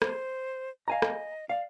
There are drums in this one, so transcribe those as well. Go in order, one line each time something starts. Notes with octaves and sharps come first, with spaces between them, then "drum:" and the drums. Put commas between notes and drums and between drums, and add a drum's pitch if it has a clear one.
C5, drum: rim click
D#5 F5 G#5 A#5
drum: rim click
D5 F5